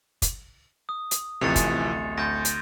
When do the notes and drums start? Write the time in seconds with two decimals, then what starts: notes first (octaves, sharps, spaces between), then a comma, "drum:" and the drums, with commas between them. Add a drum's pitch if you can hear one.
0.22 drum: kick, hi-hat
0.89 D#6
1.11 drum: hi-hat
1.41 D1 A1 C3 E3 F3 A6 C#7 F7
1.56 drum: kick, hi-hat
2.18 D2 C6 G6 A#6
2.45 drum: hi-hat